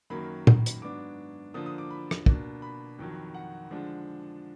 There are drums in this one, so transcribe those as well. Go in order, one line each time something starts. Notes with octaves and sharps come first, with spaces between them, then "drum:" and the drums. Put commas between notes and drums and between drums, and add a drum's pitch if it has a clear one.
F#2 D#3 F#3 A#3 B5
drum: tom A#2
drum: hi-hat
G#2 F#3 B3 D4 D6
D3 F3 A#3 D4 D#6
D#6
D6
B5
drum: rim click
B2 A#3 D4, drum: kick
B5
F2 D#3 F#3
F#5
D3 F3 G#3 D4